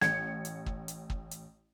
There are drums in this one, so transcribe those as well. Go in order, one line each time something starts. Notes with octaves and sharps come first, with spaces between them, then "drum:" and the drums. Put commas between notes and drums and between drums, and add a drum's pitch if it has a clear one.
A1 G#6 C#7, drum: snare
drum: hi-hat
drum: kick
drum: hi-hat
drum: kick
drum: hi-hat